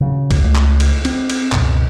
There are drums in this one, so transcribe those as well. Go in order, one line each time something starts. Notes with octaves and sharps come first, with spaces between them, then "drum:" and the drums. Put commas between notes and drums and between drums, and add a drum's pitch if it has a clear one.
C#3 F#3
drum: kick, cymbal
C#2 A3
drum: clap
drum: cymbal
C4, drum: cymbal
drum: cymbal
C#2 F#2 B2, drum: clap